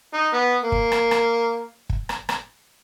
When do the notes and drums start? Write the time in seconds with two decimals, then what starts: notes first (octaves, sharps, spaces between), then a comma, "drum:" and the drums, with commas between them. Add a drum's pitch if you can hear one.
0.14 D#4
0.33 B3
0.63 A#3
0.72 drum: kick
0.92 drum: rim click
1.11 drum: rim click
1.90 drum: kick
2.09 drum: rim click
2.29 drum: rim click